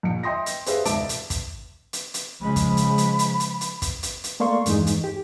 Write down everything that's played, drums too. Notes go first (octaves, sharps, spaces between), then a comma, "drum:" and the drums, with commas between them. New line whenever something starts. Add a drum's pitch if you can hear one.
A#1 C#7
D#5 E5 G5 C6 D#6 A#6
drum: hi-hat
G4 G#4 B4 C5 E5 F5, drum: hi-hat
E1 C#2 E5 A5 D6 D7, drum: hi-hat
drum: hi-hat
drum: kick, hi-hat
drum: hi-hat
drum: hi-hat
C#3 F3 G#3 B5
drum: kick, hi-hat
drum: hi-hat
drum: hi-hat
drum: hi-hat
drum: hi-hat
drum: hi-hat
drum: kick, hi-hat
drum: hi-hat
drum: hi-hat
A3 A#3 D5 F5 C6 C#6
E2 G2 E3 G#3 D#4, drum: hi-hat
drum: hi-hat
G4